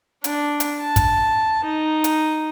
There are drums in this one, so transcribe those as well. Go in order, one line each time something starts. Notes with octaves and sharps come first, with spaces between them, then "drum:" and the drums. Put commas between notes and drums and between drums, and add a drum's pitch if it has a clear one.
D4, drum: hi-hat
drum: hi-hat
A5
drum: kick, hi-hat
D#4
drum: hi-hat